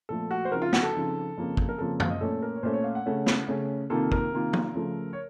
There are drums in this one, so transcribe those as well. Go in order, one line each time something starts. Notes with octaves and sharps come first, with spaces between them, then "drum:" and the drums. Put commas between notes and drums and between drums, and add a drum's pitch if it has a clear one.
A#2 F3 A3 A4
F#4
C5
C#3 F3 C4 D#4 A#4
F4
F#4, drum: snare
A4
C#3 F3 C4 D#4
F2 C#3 F3 A#3
drum: kick
A#4
F2 C#3 F3 A#3 A4
F5, drum: tom F#2
D#5
A#2 A3 C#4 A4
A#4
C#5
A#2 A3 C#4 C5
C#5
F5
F#5
C#3 A3 C#4
drum: snare
C#3 A3 C#4
C3 D#3 A#3 F4 A4
A#4, drum: kick
C3 D#3 A#3 F4
drum: tom
C#3 F3 A3
C#5